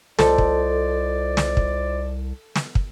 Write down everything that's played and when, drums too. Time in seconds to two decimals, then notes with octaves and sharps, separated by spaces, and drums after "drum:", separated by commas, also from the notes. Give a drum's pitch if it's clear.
0.19 C2 F4 A4 C5 D5 D#5, drum: snare
0.38 drum: kick
1.37 drum: snare
1.57 drum: kick
2.56 drum: snare
2.75 drum: kick